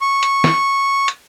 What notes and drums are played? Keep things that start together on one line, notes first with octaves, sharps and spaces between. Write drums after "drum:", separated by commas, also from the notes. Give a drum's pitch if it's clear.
C#6
drum: hi-hat
drum: snare
drum: hi-hat